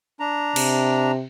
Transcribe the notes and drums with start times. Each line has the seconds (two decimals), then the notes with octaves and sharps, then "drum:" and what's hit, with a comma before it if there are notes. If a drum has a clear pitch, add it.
0.20 D4 A#5
0.56 C3, drum: cymbal